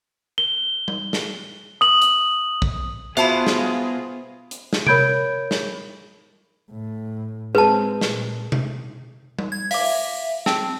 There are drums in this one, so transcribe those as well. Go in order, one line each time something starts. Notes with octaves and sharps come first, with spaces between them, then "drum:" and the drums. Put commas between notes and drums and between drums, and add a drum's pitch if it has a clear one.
G7
drum: tom G3
drum: snare
D#6 F#7
drum: hi-hat
drum: kick
B2 F4 F#4 G#4 C5 E5 A5 B5, drum: hi-hat
drum: snare
drum: hi-hat
drum: snare
A#4 C#5 B5 G6 G#6 D7, drum: tom C3
drum: snare
A2
G#3 C4 G#4 B4 A5
A#2, drum: snare
drum: tom B2
drum: tom G3
G#6
E5 F5 D6, drum: open hi-hat
C4 A5, drum: snare